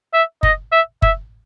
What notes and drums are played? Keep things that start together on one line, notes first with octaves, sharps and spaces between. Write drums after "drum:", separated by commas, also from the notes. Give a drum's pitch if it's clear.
E5
D#5, drum: kick F#1
E5
E5, drum: kick F#1